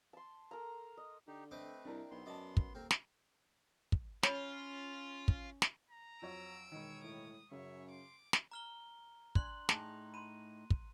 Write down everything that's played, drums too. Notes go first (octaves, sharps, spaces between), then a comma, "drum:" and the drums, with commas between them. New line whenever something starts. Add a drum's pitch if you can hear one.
A5 C6
A4 A#4 A#5
D#5
D3 D#4 G4
A3 C4 B4 D#5 D6
C2 D4 E4 A#4
B1 B3 C6
F#2 D5 D#5 A5 D6
drum: kick
D#1 C4 A#4
drum: snare
drum: kick
C#4 F4 C#5 B5, drum: snare
drum: kick
drum: snare
A#5
F2 F#3 C#5 E6 D7
E1 D#3 C#5
A2 D#6
F#2 C#3 C#5 E5
C6 D6
drum: snare
A#5 F6 G7
D4 D5 C6 F#6 F#7, drum: kick
A2 D#4 G#4 G#5 A5, drum: snare
B5 C6 D#7
drum: kick